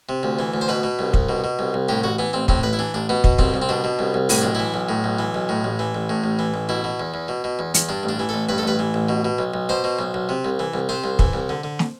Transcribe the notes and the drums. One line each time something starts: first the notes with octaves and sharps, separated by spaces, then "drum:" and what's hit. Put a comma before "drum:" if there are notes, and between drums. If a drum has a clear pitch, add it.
C3
D2
E3
D2
C5
B2 B4
B2
C2
C2, drum: kick
B2
B2
C2
C2
A2 G4
A1 F#4
E3 B3
A1 C4
A2 C4, drum: kick
A1 B4
E4
E3 D4
A1 D4
B2 B3
B2, drum: kick
C2 C4, drum: kick
C2
C4
B2 D4
B2
C2
C2
A2 E4, drum: open hi-hat
B1 D4
E3 E4
B1
A2
B1
E3
B1
A2
A1
E3
A1
A2
A1
E3
A1
B2 E4
B2
E2
E2
B2
B2
E2
E2, drum: hi-hat
G2 D4
A1
D4
E3
A1 A4
G2 B4
A4
A1 B4
E3
A1
B2
B2
B1
B1
B2 C5
B2
B1
B1
C3
C2
E3
C2
C3 C5
C2
E3, drum: kick
C2
D3
D3
drum: snare